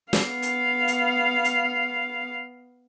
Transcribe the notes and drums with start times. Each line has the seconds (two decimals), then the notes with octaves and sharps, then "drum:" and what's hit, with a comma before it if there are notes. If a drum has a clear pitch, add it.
0.13 B3 F5, drum: snare
0.42 drum: hi-hat
0.88 drum: hi-hat
1.44 drum: hi-hat